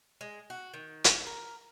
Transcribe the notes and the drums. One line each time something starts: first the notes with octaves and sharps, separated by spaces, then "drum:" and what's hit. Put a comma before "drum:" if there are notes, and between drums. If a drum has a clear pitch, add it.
G#3
F#4
D#3
drum: hi-hat
A#4